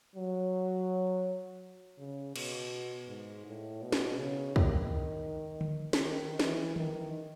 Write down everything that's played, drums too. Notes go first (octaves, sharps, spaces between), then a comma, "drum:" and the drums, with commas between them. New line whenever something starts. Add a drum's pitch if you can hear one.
F#3
C#3
B2, drum: cymbal
G#2
A2
B2
drum: snare
C#3
D#3, drum: kick
drum: tom D3
drum: snare
D#3
E3, drum: snare
D#3, drum: tom D#3